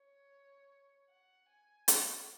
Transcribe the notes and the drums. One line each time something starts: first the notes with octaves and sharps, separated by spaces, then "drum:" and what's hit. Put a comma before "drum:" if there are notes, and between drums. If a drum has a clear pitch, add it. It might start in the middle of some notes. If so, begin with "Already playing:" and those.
Already playing: C#5
F#5
G#5
C#6, drum: hi-hat